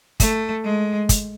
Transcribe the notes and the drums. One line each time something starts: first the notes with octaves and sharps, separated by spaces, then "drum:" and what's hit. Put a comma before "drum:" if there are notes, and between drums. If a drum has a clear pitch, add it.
A3, drum: kick, hi-hat
G#3
drum: kick, hi-hat